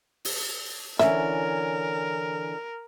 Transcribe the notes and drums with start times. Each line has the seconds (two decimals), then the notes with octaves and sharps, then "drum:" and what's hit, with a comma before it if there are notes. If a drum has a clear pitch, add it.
0.25 drum: open hi-hat
0.99 D3 E3 C#4 A#4 E5, drum: snare